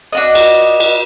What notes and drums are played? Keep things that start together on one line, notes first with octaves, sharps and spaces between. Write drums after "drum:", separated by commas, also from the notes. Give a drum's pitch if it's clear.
D4 F#4 D#5
drum: cymbal
drum: cymbal